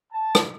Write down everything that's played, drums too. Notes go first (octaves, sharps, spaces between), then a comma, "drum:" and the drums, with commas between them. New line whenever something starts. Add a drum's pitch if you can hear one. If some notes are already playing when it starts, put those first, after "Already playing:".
A5
drum: rim click